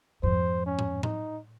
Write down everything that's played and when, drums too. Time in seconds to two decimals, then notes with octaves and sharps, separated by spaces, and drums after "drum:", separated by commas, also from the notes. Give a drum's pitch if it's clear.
0.23 F2 G#2 C5
0.66 C#4
0.79 drum: tom A2
1.03 D#4, drum: tom A2